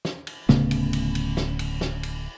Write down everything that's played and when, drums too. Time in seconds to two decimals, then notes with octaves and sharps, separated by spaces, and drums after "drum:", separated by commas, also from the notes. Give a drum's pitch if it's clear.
0.05 drum: snare
0.27 drum: cymbal
0.49 D1 C#3 A3 B3, drum: snare
0.71 drum: cymbal
0.93 drum: cymbal
1.15 drum: cymbal
1.37 drum: snare
1.59 drum: cymbal
1.81 drum: snare
2.03 drum: cymbal